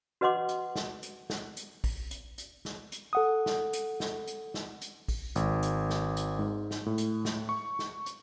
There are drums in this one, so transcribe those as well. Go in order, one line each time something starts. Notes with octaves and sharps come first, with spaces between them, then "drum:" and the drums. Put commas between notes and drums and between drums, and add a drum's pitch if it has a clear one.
F#4 B4 D#5 F#5 C6 D6
drum: hi-hat
drum: snare
drum: hi-hat
drum: snare
drum: hi-hat
drum: kick A#1, open hi-hat
drum: hi-hat
drum: hi-hat
drum: snare
drum: hi-hat
A4 F#5 D#6
drum: snare
drum: hi-hat
drum: snare
drum: hi-hat
drum: snare
drum: hi-hat
drum: kick A#1, open hi-hat
G#1, drum: hi-hat
drum: hi-hat
drum: snare
drum: hi-hat
G#2
drum: snare
A2
drum: hi-hat
drum: snare
C#6
drum: snare
drum: hi-hat